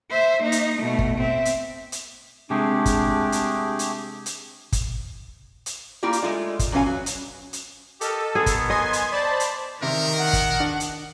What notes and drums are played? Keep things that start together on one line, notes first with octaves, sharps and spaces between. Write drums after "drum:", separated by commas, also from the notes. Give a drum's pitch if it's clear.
C5 E5
A#3 D#4
drum: hi-hat
B2 A3
drum: kick
C4 E5
drum: hi-hat
drum: hi-hat
C3 G#3 A3 D4 G4 G#4
drum: kick, hi-hat
drum: hi-hat
drum: hi-hat
drum: hi-hat
drum: kick, hi-hat
drum: hi-hat
A#3 E4 F4 G4 D5
drum: hi-hat
G#3 A3 F4 D5
drum: kick, hi-hat
E2 F#3 C#4 B4 F5 G#5
F#3
drum: hi-hat
drum: hi-hat
G4 A4 A#4 D#5, drum: hi-hat
D#3 B3 G#4
drum: kick, hi-hat
D#5 G#5 C6 G#6
drum: hi-hat
C5 D5 A5 B5
drum: hi-hat
C3 D#3 A#4
F#5
drum: kick, hi-hat
D4
drum: hi-hat